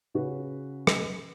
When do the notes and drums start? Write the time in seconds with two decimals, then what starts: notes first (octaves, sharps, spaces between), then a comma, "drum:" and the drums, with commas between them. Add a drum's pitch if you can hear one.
0.14 C#3 C#4 F#4 B4
0.87 drum: rim click